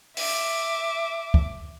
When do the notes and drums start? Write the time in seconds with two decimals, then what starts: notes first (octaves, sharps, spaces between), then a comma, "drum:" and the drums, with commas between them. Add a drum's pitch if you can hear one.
0.17 E5 D6, drum: open hi-hat
1.34 drum: kick